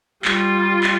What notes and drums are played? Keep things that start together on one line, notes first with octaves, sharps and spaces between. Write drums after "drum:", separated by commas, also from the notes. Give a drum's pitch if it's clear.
G3 F4, drum: clap
drum: clap